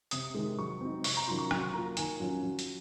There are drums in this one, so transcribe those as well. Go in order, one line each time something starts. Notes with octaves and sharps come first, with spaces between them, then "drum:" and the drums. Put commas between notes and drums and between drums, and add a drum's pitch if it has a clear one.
C3 D#6, drum: hi-hat
D#3 G#3
F#3 C#6
C4 D#4
C3 C#6, drum: open hi-hat
A#5
D#3 F#3 C#4 F4 C6
C#6
F#3 C#6, drum: rim click
A#3 F4 A#5
D#3 G#5, drum: hi-hat
F#3 C#4 F4
F#3
drum: hi-hat